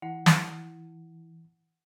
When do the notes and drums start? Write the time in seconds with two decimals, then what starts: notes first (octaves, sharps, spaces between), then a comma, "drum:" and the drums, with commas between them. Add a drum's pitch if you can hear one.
0.02 E3 E4 F#5
0.26 drum: snare